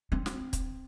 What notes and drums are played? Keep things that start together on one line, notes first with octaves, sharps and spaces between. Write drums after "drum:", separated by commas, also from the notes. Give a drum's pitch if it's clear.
C4
drum: snare
drum: kick, hi-hat